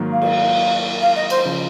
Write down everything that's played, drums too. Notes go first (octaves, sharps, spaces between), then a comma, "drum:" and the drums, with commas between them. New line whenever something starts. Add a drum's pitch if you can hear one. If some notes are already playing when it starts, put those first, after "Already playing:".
Already playing: G#2 D#3 F#3 A#3
F5
drum: cymbal
F5
D#5
C5, drum: cymbal
C#3 F3